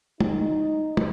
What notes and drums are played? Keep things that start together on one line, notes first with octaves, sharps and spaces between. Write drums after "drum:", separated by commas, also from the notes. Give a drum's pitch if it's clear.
D#4, drum: tom
drum: tom